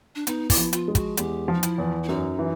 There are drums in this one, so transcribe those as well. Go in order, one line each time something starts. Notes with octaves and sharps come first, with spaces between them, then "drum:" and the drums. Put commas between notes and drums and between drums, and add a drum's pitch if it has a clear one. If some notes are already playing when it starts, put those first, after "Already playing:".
D4
B3 D#4, drum: hi-hat
E4, drum: kick, open hi-hat
F3
F4, drum: hi-hat
G#3
F#4, drum: kick, hi-hat
E2 G4, drum: hi-hat
F3
D#4
E4, drum: hi-hat
E2
E4
F#2 D#4
E3